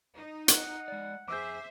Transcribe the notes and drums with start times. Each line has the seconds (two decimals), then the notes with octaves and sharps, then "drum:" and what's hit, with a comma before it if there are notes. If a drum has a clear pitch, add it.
0.17 D#4
0.48 F#5, drum: hi-hat
0.88 G#3 D5
1.28 F2 G#4 C5 E5 D6 E6 G6